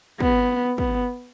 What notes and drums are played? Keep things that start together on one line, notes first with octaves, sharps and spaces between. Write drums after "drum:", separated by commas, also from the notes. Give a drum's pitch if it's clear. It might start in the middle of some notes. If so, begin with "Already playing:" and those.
B3, drum: kick
B3, drum: kick